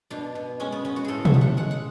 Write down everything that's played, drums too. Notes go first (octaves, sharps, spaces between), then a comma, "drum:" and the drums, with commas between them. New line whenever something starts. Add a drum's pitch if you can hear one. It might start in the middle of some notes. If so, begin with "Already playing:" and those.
B2 D4
B2
G#3 C#4
B3
B3 C#4
F#4
A2 G#4 A4
E5, drum: tom B2
A2
F#5
G#3 F#5
F#5